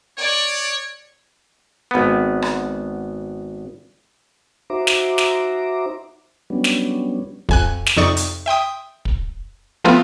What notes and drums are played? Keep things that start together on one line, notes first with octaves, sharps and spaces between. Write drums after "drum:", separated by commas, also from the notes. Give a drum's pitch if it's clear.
C#5 D5
G#1 B3
drum: rim click
D#4 F#4 C5 E5 A#5 D6
drum: snare
drum: snare
F#3 G3 B3 C#4 D4
drum: snare
F2 G#5 F#6, drum: kick
drum: snare
F2 C3 D#4 D5 C#6 D#6
drum: hi-hat
E5 G5 C6 D#6
drum: kick
F3 A3 B3 C4 F4